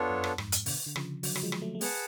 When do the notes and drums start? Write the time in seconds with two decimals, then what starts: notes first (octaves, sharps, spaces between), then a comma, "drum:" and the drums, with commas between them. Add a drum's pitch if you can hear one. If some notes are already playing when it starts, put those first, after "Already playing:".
Already playing: F2 B3 D4 F4 A4 C#5
0.10 F#2
0.24 drum: rim click
0.38 F2 G#2, drum: rim click
0.52 drum: hi-hat
0.66 B2 D3, drum: open hi-hat
0.86 D3
0.96 C#3 F3, drum: rim click
1.23 D3 F#3, drum: open hi-hat
1.35 F#3, drum: rim click
1.43 F3 G#3
1.52 drum: rim click
1.62 F#3 A3
1.75 A3
1.81 G#3 B3 G#4 B4 F#5 A5, drum: open hi-hat